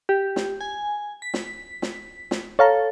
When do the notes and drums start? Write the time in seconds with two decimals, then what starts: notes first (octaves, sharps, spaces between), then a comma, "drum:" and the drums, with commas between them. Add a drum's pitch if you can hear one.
0.09 G4
0.36 drum: snare
0.61 G#5
1.22 B6
1.34 drum: snare
1.82 drum: snare
2.31 drum: snare
2.59 A4 C#5 F5 A#5